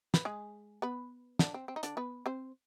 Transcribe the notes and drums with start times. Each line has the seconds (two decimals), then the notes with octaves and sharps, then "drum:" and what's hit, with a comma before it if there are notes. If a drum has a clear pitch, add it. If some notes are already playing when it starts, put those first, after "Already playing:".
0.14 B4, drum: snare
0.25 G#3 G#4
0.82 B3 B4
1.39 D3 D4, drum: snare
1.54 C4
1.68 C4
1.76 D#4
1.83 D3 D4, drum: hi-hat
1.97 B3 B4
2.26 C4 C5